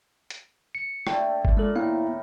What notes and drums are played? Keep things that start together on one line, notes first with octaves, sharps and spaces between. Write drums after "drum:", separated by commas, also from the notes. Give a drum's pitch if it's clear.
drum: hi-hat
C#7
D3 A3 G5, drum: rim click
drum: kick
A#2 G#3 A4
A2 D#3 B3 E4 F5